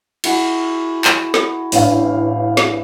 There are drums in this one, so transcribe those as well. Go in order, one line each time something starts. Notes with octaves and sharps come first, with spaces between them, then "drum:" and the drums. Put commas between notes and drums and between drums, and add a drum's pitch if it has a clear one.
E4 F#4 G#4, drum: cymbal
drum: clap
drum: snare
A1 D4 F5, drum: open hi-hat
drum: snare